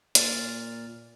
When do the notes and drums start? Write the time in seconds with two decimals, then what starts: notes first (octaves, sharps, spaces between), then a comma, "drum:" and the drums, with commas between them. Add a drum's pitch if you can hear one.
0.15 A#2 F6 A6, drum: hi-hat